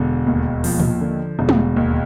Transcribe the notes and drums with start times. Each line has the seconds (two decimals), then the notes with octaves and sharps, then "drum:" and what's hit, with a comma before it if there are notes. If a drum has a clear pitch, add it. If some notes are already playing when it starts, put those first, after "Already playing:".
Already playing: E1 D3
0.27 D#2
0.64 F3, drum: open hi-hat
0.80 drum: tom
1.01 D3
1.39 E1
1.49 drum: tom
1.76 D#2